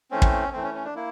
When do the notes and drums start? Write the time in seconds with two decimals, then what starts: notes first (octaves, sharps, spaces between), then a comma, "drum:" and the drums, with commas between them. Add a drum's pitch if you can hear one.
0.11 E3 A3 C4 C#4
0.22 drum: kick
0.53 E3 A3 C4
0.63 C#4
0.75 C#4
0.85 D4
0.95 A#3 E4